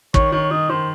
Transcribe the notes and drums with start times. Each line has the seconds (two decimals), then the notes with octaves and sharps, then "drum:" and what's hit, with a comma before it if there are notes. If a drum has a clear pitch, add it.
0.14 D#3 C#5, drum: kick
0.32 D#3 C#5
0.51 D#3 D#5
0.70 D#3 C5